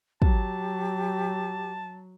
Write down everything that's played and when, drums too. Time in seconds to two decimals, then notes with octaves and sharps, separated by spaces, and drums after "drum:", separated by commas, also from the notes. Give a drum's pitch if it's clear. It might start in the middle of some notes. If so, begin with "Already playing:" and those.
0.22 F#3 G4 A5, drum: kick